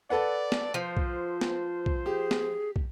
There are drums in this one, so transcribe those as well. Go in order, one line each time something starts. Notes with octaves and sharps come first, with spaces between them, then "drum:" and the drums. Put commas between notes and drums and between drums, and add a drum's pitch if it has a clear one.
A4 B4 D5 F#5
drum: snare
F3 C5
drum: kick
drum: snare
drum: kick
G4 G#4
drum: snare
drum: kick